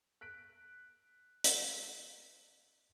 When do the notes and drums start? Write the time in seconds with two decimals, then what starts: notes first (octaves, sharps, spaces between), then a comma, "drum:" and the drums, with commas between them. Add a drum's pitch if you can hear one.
0.21 F#6 B6 D7
1.44 drum: hi-hat